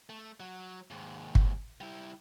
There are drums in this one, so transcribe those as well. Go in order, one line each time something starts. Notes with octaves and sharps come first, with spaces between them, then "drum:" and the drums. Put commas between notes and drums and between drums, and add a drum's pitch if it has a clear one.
A3
F#3
D#2 G#2
drum: kick
G3 E4